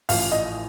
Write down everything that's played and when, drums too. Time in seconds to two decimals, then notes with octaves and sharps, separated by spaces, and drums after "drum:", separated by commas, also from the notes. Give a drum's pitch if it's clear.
0.09 A1 A2 F3 F5, drum: open hi-hat
0.32 D#5